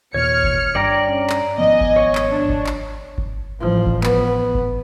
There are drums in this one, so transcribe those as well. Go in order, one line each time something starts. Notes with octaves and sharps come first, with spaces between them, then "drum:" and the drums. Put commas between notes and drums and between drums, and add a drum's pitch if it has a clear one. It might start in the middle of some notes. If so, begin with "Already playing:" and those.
D#2 A#2 C#5 F6 C#7
drum: kick G1
G2 D5 G5 A#5
C#4
drum: clap
G#1 F3 B3 D#5 G#5
drum: kick G1
C#5
drum: clap
D4
drum: kick G1
drum: clap
drum: kick G1
A1 F3
drum: kick G1
B3, drum: clap
drum: kick G1